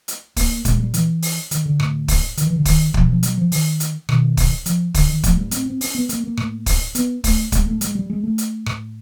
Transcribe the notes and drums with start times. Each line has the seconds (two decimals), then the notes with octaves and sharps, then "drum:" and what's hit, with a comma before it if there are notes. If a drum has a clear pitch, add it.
0.08 drum: hi-hat
0.36 A#3, drum: kick, open hi-hat
0.65 A#2 G#3, drum: kick, hi-hat
0.79 G3
0.94 E3, drum: hi-hat
1.22 drum: open hi-hat
1.51 D#3, drum: hi-hat
1.66 D3
1.80 A2, drum: rim click
2.08 drum: kick, open hi-hat
2.37 D#3, drum: hi-hat
2.47 E3
2.56 D3
2.65 D#3, drum: kick, open hi-hat
2.94 B2 F3, drum: kick
3.09 F3
3.23 F#3, drum: hi-hat
3.38 F3
3.52 D#3, drum: open hi-hat
3.80 drum: hi-hat
4.09 B2 D#3, drum: rim click
4.37 drum: kick, open hi-hat
4.66 F3, drum: hi-hat
4.94 D3, drum: kick, open hi-hat
5.09 D#3
5.23 A2 F3, drum: kick, hi-hat
5.37 G3
5.51 C4, drum: hi-hat
5.66 C4
5.81 C#4, drum: open hi-hat
5.95 B3
6.09 A#3, drum: hi-hat
6.24 A#3
6.37 A2, drum: rim click
6.66 drum: kick, open hi-hat
6.95 B3, drum: hi-hat
7.24 A3, drum: kick, open hi-hat
7.52 A2 G#3, drum: kick, hi-hat
7.67 A3
7.81 G#3, drum: hi-hat
7.95 G3
8.10 G#3
8.24 A3
8.38 drum: hi-hat
8.66 A2, drum: rim click